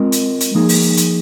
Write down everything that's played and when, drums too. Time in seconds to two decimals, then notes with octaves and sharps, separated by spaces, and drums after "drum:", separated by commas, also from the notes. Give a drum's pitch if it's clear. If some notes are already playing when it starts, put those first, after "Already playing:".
Already playing: G#3 C4 F4 A#4 D#5
0.12 drum: hi-hat
0.40 drum: hi-hat
0.55 F3 A#3 D#4 G#4
0.69 drum: open hi-hat
0.97 drum: hi-hat